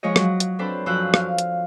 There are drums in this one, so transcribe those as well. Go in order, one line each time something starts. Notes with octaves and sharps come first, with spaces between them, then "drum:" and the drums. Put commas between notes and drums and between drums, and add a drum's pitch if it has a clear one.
F3 G#3 C#5 D#5
F#3, drum: rim click
drum: hi-hat
C4 D4 A4 B4 C5
F#2 F3 C5 E6 F#6
F5, drum: rim click
drum: hi-hat